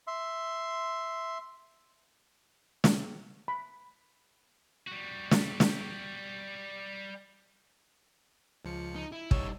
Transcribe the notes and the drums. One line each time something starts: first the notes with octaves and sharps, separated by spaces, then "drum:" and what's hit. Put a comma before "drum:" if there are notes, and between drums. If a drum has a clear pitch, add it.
E5 C6
drum: snare
B5
G3 F#4
drum: snare
drum: snare
C#2 F3 C#7
D#4
E4
G3 D#4 C#5 E6, drum: kick